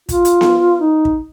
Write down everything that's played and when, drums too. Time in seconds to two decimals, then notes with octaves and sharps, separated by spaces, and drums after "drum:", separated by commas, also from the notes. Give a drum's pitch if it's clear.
0.09 F4, drum: kick, hi-hat
0.25 drum: hi-hat
0.41 drum: snare B3
0.80 D#4
1.05 drum: kick